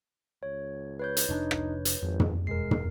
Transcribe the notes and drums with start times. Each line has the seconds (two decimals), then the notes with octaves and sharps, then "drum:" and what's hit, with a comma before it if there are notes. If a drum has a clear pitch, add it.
0.43 C#2 C#5
0.99 B4 C#5 G6
1.17 drum: hi-hat
1.29 F1 A2 D4 D#4
1.51 drum: rim click
1.85 drum: hi-hat
2.02 G#1 F2
2.20 drum: tom
2.47 E1 G#3 A#4 C7
2.71 drum: tom